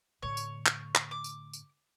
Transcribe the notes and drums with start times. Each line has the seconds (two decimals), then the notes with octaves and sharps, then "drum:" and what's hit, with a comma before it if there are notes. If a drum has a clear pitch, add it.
0.22 A2 D3 C#5
0.37 drum: tambourine
0.66 drum: clap
0.95 drum: clap
1.11 D6
1.24 drum: tambourine
1.53 drum: tambourine